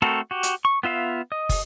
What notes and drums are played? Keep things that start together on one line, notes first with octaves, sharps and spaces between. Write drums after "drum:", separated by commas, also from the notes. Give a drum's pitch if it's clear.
A3 C4 F#4 A4 A#4
F#4 G4
drum: hi-hat
C#6
B3 F4 E5 F5
D#5
drum: kick, open hi-hat